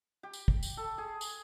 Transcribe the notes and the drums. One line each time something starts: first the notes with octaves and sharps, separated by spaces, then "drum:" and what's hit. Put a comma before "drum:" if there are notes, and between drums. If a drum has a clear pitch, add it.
G4
drum: tambourine
drum: kick
drum: tambourine
A4
G#4
drum: tambourine